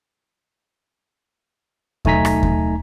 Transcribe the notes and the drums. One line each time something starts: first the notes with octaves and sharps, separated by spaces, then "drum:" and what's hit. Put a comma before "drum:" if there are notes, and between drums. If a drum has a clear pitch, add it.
B1 A3 D#4 G#5 A#5 B6, drum: kick D#2
drum: rim click
drum: kick D#2